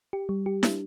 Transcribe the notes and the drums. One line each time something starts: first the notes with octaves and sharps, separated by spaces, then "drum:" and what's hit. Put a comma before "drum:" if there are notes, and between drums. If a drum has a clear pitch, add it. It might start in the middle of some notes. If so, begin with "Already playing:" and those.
G4
G3
G4
D4, drum: snare E4